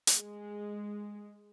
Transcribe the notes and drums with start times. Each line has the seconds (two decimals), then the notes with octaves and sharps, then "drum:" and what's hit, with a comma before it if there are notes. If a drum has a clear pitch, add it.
0.07 drum: hi-hat
0.18 G#3